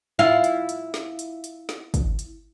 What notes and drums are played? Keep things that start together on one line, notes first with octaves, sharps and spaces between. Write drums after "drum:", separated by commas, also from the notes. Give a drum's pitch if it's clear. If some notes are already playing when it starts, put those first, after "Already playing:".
E4 F4 F5
drum: hi-hat
drum: hi-hat
drum: snare
drum: hi-hat
drum: hi-hat
drum: snare
drum: kick, hi-hat
drum: hi-hat